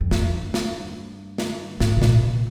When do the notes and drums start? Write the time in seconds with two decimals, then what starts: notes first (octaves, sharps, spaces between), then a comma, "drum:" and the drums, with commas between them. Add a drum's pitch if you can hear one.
0.01 F2
0.11 G2, drum: snare
0.54 drum: snare
1.38 drum: snare
1.80 G#2, drum: snare
1.97 C3
2.02 A#2, drum: snare
2.23 C3